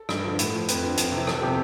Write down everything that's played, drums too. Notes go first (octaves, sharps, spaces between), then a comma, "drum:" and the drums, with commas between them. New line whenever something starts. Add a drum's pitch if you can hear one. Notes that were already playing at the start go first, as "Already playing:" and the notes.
Already playing: A4
G2, drum: rim click
D3 F3
A2, drum: hi-hat
F3
F2 B4, drum: hi-hat
D3 F3
F2, drum: hi-hat
C3
E3
E2 A4, drum: rim click
C3 F3 G4